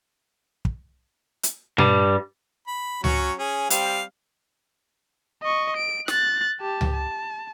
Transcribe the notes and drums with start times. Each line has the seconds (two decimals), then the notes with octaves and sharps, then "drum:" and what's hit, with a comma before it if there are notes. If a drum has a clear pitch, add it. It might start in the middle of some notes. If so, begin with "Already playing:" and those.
0.65 drum: kick
1.43 drum: hi-hat
1.78 G2 G3, drum: tom A#2
2.67 B5
3.04 F#3 C#4 C#6, drum: tom C#2
3.39 C#4 G#4
3.70 G3 C4 F5, drum: hi-hat
5.43 D#5 C#6
5.77 D7
6.08 F#6 A6, drum: snare
6.60 G4 A5
6.81 drum: tom C#2
6.94 A5